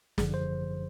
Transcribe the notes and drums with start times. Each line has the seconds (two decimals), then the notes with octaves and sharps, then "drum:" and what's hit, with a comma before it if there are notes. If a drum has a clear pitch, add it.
0.18 G1 F#2 D3 F3 G#4, drum: snare
0.34 C5